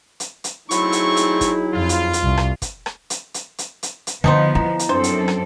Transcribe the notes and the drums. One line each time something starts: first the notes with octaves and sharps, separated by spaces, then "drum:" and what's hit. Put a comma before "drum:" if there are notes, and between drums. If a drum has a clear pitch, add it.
drum: hi-hat
drum: hi-hat
F#3 A3 C4 D#4 E4 G#4 C#6, drum: hi-hat
drum: hi-hat
drum: hi-hat
drum: kick, hi-hat
F2 F4
drum: hi-hat
drum: hi-hat
C2
drum: rim click
drum: kick, hi-hat
drum: rim click
drum: hi-hat
drum: hi-hat
drum: hi-hat
drum: hi-hat
drum: hi-hat
B2 D3 F3 B3 D#4 C5 D#5
E4 A#5
drum: hi-hat
F#2 C4 D4 A4 C5
drum: hi-hat
drum: rim click